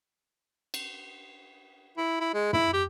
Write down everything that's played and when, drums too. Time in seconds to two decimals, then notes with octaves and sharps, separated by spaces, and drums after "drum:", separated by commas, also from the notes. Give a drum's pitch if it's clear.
0.74 drum: cymbal
1.97 E4
2.20 E4
2.34 G#3
2.53 E4, drum: tom
2.73 G4